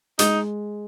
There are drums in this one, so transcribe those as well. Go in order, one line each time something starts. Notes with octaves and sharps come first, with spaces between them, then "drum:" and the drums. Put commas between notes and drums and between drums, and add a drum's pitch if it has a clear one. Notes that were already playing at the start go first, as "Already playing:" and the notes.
G#3 D#4, drum: hi-hat